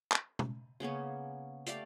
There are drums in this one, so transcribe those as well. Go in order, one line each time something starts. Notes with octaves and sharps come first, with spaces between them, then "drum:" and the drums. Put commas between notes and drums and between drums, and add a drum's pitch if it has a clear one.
drum: clap
drum: tom
C#3 A#3 B3 C#4
A3 G4 D5 F5, drum: hi-hat